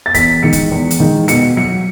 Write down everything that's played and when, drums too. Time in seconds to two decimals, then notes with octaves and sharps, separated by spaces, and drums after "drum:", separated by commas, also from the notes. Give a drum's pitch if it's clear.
0.06 A6
0.14 E2 B6, drum: kick, hi-hat
0.43 D#3 G#3 C#7
0.53 drum: kick, hi-hat
0.71 E2
0.91 drum: hi-hat
1.00 D#3 G#3
1.28 B2 C#7, drum: hi-hat
1.57 F#3 C#7